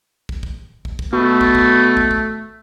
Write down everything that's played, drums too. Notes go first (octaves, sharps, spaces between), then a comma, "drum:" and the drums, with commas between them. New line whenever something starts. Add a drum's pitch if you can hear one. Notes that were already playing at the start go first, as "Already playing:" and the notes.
drum: kick
drum: kick
drum: kick
drum: kick
B2 A3
drum: kick
drum: kick
drum: kick
drum: kick